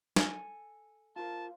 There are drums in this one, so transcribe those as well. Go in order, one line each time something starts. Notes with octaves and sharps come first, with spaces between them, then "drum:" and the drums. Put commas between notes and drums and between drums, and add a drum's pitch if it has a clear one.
A4 G#5, drum: snare
F4 A#4 C5 A5